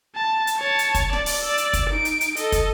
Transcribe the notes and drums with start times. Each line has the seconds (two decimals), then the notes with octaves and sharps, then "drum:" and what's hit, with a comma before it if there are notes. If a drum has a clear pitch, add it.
0.15 A5
0.47 drum: hi-hat
0.58 C#5 A5
0.79 drum: hi-hat
0.95 drum: kick, hi-hat
1.13 D5, drum: snare D1
1.26 drum: open hi-hat
1.42 D5 E6
1.58 drum: hi-hat
1.73 drum: kick, hi-hat
1.90 D#4 D7
2.05 drum: hi-hat
2.21 drum: hi-hat
2.37 A4 D#5, drum: hi-hat
2.52 drum: kick, hi-hat